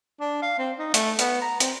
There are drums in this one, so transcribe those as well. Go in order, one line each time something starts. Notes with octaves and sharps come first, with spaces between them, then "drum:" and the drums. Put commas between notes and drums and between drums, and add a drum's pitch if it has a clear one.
D4
F5
C4
D#4
A3, drum: hi-hat
B3, drum: hi-hat
A#5
C4, drum: hi-hat